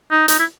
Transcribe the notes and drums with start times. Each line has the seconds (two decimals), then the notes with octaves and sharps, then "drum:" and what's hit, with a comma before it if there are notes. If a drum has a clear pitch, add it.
0.11 D#4
0.28 D#4, drum: hi-hat
0.39 E4